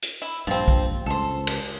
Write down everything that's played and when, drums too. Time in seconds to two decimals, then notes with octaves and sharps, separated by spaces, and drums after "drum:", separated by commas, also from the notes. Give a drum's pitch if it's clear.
0.02 drum: hi-hat
0.22 E4
0.47 A#1 G2 F3 C4
0.68 drum: kick
1.06 C#2 A4 C5
1.47 drum: cymbal